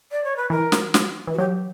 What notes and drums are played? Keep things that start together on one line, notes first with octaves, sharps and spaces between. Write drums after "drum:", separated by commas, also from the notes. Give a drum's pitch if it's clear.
D5
C#5
B4
E3 A#4
drum: snare
drum: snare
E3
F#4
F#3 G4